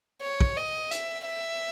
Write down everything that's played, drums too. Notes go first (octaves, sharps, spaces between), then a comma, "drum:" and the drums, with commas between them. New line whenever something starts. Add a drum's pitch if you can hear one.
C#5
drum: kick
D#5
E5, drum: hi-hat
E5